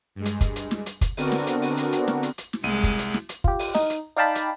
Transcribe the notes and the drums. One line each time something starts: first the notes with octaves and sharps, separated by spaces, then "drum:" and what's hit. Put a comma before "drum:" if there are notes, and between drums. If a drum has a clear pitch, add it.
G2 G#3
drum: hi-hat
drum: kick, hi-hat
drum: hi-hat
drum: snare
drum: hi-hat
drum: kick, hi-hat
D3 B3 C4 D4 F#4 A#4, drum: open hi-hat
drum: snare
drum: hi-hat
drum: open hi-hat
drum: hi-hat
drum: hi-hat
drum: snare
drum: hi-hat
drum: hi-hat
drum: snare
C2 G#3 D#7
drum: kick, hi-hat
drum: hi-hat
drum: snare
drum: hi-hat
F4 G4, drum: kick
drum: open hi-hat
D#4, drum: snare
drum: hi-hat
D#4 D5 F5 G5 A5 B5
drum: hi-hat